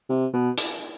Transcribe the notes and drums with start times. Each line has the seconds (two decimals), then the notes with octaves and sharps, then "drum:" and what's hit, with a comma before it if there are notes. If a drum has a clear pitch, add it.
0.09 C3
0.33 B2
0.57 drum: hi-hat